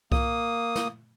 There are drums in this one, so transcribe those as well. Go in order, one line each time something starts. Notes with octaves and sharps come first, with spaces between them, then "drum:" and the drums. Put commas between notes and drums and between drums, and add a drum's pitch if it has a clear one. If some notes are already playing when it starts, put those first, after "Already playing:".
A#3 D#6, drum: kick C2
drum: snare